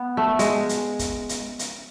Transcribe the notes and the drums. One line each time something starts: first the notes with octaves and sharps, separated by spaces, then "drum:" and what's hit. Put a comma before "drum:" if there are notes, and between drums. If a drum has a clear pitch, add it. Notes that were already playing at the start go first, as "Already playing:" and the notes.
Already playing: B3
A3
G#3, drum: hi-hat
drum: hi-hat
drum: kick, hi-hat
drum: hi-hat
drum: hi-hat